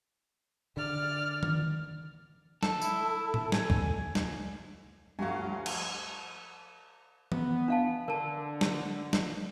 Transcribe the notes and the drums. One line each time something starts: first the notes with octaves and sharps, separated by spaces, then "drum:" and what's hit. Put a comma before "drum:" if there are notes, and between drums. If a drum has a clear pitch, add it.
D3 D5 F6
drum: tom D#3
A4, drum: snare
E4, drum: tambourine
drum: tom A2
G#5, drum: snare
drum: kick
drum: snare
D2 G2 F3 F#3 F#4 F5 G#5 C#6
drum: cymbal
B3, drum: tom E3
D4 F5 A5
D3 A#4 A5
drum: snare
drum: snare